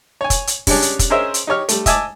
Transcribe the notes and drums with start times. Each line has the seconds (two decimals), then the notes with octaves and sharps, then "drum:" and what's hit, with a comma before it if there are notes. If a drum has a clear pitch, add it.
0.21 C#5 G#5
0.30 drum: kick, hi-hat
0.47 drum: hi-hat
0.67 C#3 G3 G#3 C#4 D4, drum: kick, open hi-hat
0.82 drum: hi-hat
0.99 drum: kick, hi-hat
1.10 C#4 G#4 A#4 C5 D#5 E5
1.34 drum: hi-hat
1.47 D#4 G4 C#5 F6
1.69 G3 A3, drum: hi-hat
1.86 D#5 E5 G#5 A5 D6, drum: kick, hi-hat